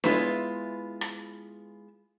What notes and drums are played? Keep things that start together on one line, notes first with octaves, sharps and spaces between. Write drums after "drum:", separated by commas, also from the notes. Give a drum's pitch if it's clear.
G#3 B3 C4 E4 F4 B4, drum: snare D4
drum: rim click